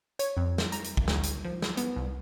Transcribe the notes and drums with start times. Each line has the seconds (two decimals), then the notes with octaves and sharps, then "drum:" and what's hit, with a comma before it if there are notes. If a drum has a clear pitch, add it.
0.19 C#5, drum: hi-hat
0.37 F2
0.58 drum: snare
0.72 A#5, drum: hi-hat
0.84 drum: hi-hat
0.97 drum: kick
1.08 D2, drum: snare
1.23 drum: hi-hat
1.45 F3
1.62 drum: snare
1.77 B3, drum: hi-hat
1.96 C2